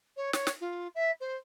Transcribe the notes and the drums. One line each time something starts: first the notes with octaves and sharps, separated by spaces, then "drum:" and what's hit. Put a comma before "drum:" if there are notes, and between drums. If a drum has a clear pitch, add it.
C#5
C#5, drum: snare
drum: snare
F4
E5
C5